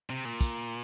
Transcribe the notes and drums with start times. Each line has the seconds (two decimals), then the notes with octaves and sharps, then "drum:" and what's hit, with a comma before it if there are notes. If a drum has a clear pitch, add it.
0.10 C3
0.25 A#2
0.41 drum: kick, tambourine